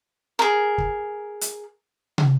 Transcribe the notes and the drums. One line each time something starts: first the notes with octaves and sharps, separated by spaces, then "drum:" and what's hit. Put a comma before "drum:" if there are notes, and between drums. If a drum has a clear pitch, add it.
G#4 A#4
drum: kick
drum: hi-hat
drum: tom